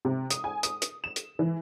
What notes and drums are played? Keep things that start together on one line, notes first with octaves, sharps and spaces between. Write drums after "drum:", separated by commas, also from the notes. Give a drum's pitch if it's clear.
C3
D#6, drum: hi-hat
G#5
D#6, drum: hi-hat
drum: hi-hat
E7
drum: hi-hat
E3